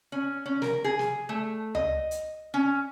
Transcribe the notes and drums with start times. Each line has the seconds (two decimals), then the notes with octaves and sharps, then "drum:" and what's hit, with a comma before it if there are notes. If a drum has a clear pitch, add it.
0.12 C#4
0.46 C#4
0.62 A#4, drum: snare
0.84 G#4
0.99 drum: snare
1.29 A3
1.75 D#5, drum: tom C#2
2.11 drum: hi-hat
2.54 C#4